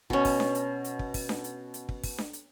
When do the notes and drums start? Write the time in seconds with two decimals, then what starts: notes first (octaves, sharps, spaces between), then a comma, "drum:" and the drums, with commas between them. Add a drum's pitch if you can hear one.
0.10 B2 C#4, drum: kick
0.25 drum: kick, open hi-hat
0.40 drum: snare D4
0.55 drum: hi-hat
0.84 drum: hi-hat
0.99 drum: kick
1.14 drum: kick, open hi-hat
1.29 drum: snare D4
1.44 drum: hi-hat
1.74 drum: hi-hat
1.89 drum: kick
2.04 drum: kick, open hi-hat
2.18 drum: snare D4
2.33 drum: hi-hat